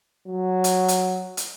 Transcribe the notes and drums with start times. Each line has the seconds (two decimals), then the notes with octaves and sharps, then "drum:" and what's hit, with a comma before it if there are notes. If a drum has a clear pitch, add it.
0.27 F#3
0.64 drum: hi-hat
0.88 drum: hi-hat
1.37 drum: hi-hat